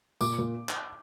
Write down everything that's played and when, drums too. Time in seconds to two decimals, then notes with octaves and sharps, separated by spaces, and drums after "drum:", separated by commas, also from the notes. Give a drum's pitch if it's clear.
0.21 A#2 D6, drum: tambourine
0.38 A#2
0.69 drum: clap